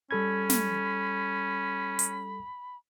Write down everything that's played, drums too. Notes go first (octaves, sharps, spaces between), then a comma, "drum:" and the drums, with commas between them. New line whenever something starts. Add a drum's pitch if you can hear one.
G3 C#4 A4 B5 G#6
drum: snare
drum: hi-hat